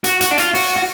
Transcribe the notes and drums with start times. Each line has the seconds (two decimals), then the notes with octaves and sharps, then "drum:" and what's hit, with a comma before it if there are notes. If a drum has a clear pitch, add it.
0.04 F#4, drum: hi-hat
0.21 F#4, drum: hi-hat
0.31 D4
0.38 F4, drum: hi-hat
0.54 F#4, drum: open hi-hat
0.76 F#4